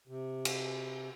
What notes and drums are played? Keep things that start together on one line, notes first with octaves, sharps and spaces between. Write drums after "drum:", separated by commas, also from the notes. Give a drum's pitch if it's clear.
C3
drum: cymbal